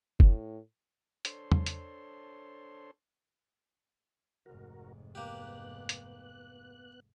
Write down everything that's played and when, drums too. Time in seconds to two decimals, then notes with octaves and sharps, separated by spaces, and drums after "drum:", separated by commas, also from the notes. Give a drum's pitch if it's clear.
0.20 A2, drum: kick
1.25 D4 A4 C5 C#5 C6, drum: hi-hat
1.52 drum: tom
1.66 drum: hi-hat
4.46 F1 G#2 F#4 A#4
5.15 A#3 B3 G4 F#6
5.89 drum: hi-hat